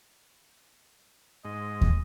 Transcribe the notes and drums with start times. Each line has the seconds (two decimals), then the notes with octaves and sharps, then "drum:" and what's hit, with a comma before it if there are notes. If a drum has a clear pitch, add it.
1.44 G#2 D#5
1.81 drum: kick